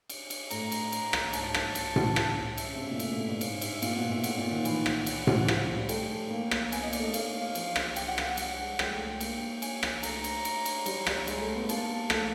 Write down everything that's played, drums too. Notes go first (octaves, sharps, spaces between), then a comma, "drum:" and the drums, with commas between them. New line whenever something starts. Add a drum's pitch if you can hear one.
drum: cymbal
drum: cymbal
A2 A#5, drum: cymbal
drum: cymbal
drum: cymbal
drum: rim click
G#2 A5, drum: cymbal
drum: rim click
drum: cymbal
drum: tom A2
G#2, drum: rim click
E5, drum: cymbal
C#3
C3
B2
A#2
A2, drum: cymbal
A2
G2
G#2 F5, drum: cymbal
E5, drum: cymbal
A#2 F5, drum: cymbal
B2 F#5
A#2 E5
A2 F#5, drum: cymbal
A#2
D#3
E3, drum: cymbal
drum: rim click
drum: cymbal
drum: tom A2
F3, drum: rim click
G3
A3 G5, drum: cymbal
A3
A#3
drum: rim click
B3 G#5, drum: cymbal
A#3 D#5
D5, drum: cymbal
A3
D#5
A#3
A3 F5, drum: cymbal
F3, drum: cymbal
drum: rim click
G5, drum: cymbal
F#5
F5, drum: rim click
F#5
G3, drum: cymbal
G#3
G#3 G5, drum: rim click
A3
A#3, drum: cymbal
G#5, drum: cymbal
drum: rim click
A3 A#5, drum: cymbal
drum: cymbal
drum: cymbal
drum: cymbal
G3, drum: cymbal
G3, drum: rim click
G#3, drum: cymbal
A3
B3
A#3 A5, drum: cymbal
A3, drum: rim click